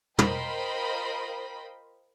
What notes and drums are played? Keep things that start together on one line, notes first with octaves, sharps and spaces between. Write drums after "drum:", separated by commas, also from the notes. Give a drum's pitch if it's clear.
F4 A#4 C5 D#5 G5 B5, drum: tom